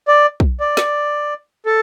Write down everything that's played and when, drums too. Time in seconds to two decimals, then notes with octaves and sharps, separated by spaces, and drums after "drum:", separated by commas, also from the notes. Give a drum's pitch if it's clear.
0.08 D5
0.40 drum: kick
0.60 D5
0.77 drum: snare
1.66 A4